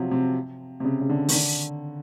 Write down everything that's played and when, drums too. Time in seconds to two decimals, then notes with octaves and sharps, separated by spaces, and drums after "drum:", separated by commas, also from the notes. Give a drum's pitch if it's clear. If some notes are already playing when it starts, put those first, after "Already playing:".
Already playing: C3 F3 F#3
0.11 C3
0.80 C3
0.85 C#3
1.01 C#3
1.09 D3
1.29 D#3, drum: open hi-hat
1.33 D3